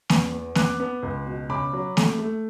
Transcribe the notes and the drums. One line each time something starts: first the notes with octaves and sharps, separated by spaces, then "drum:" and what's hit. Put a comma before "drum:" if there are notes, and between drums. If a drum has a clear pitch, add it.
E2, drum: snare A#3
B3
B3 D6 F#6, drum: snare A#3
B3
C#2
B2
C#3 B5 D6
F#3
A3, drum: snare A#3
A3